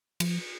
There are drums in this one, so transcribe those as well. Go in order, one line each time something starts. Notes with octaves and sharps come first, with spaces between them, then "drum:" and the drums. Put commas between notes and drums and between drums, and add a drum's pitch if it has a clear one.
F3, drum: cymbal